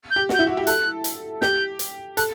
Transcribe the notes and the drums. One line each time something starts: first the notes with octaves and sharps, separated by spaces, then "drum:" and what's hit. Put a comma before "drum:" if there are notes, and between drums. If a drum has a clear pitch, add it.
G6
G4
F#4, drum: snare
G6
E4
F#4
G4
A4 F#6, drum: hi-hat
drum: hi-hat
G4 G6, drum: snare
drum: hi-hat
A4 F#6, drum: hi-hat